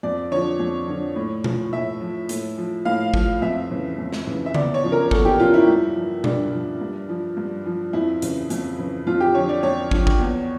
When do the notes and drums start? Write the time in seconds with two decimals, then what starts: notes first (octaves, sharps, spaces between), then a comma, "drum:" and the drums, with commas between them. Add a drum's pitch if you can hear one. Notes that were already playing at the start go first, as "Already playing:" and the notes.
0.03 F2 D5
0.31 D3 F3 C#5
0.60 F2
0.88 D3 F3
1.16 A2
1.44 F3, drum: tom B2
1.72 A2 E5
2.00 F3
2.29 A2, drum: hi-hat
2.58 F3
2.85 A2 F5
3.14 F3, drum: kick
3.42 F2 E5
3.70 C#3 E3
3.99 F2
4.13 drum: snare
4.26 C#3 E3
4.46 E5
4.54 E2 D5, drum: tom C#3
4.74 C#5
4.83 C#3 F3
4.92 A#4
5.11 E2 A4, drum: kick
5.25 G4, drum: tom G#2
5.40 C#3 F3 F4
5.54 E4
5.68 G2
5.96 F3
6.24 G2 D4, drum: tom B2
6.53 F3
6.81 G2
7.09 F3
7.37 G2
7.66 F3
7.93 F2 E4
8.22 C#3 E3, drum: hi-hat
8.50 F2, drum: hi-hat
8.78 C#3 E3
9.07 F2 F4
9.20 G4
9.35 D3 F3 C#5
9.49 D5
9.63 F2 C#5
9.91 D3 F3, drum: kick
10.07 drum: kick
10.19 E2